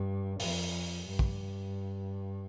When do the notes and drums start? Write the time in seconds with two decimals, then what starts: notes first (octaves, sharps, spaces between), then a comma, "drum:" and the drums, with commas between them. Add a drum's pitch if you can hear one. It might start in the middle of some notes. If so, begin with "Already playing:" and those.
Already playing: G2
0.40 F2, drum: open hi-hat
1.08 G2
1.19 drum: kick